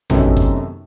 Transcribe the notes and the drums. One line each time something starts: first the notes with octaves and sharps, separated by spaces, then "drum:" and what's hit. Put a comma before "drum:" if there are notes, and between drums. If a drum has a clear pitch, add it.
F#2 C3 D#3 A3 B3 C#4, drum: tom
drum: kick G1